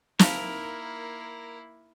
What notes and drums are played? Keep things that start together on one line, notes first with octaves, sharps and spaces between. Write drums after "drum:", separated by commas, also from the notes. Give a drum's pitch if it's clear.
A#3 D#4 E4 A#4 F5, drum: snare